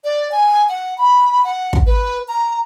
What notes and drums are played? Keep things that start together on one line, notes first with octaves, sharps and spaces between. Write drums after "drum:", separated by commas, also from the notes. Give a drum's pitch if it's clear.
D5
G#5
F#5
B5
F#5
drum: kick
B4
A#5